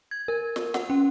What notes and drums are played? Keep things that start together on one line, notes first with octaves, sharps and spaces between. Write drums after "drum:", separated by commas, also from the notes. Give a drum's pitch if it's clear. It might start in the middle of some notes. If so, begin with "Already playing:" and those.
G#6
A#4
drum: snare
F#5, drum: snare
C#4